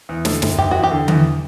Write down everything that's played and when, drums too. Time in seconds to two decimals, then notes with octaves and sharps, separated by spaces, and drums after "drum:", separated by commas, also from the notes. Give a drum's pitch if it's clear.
0.09 E2
0.25 D3, drum: snare
0.42 F#1, drum: snare
0.58 F#1 G4
0.71 E2 F#4
0.83 G4
0.91 D3
1.08 E2, drum: tom D3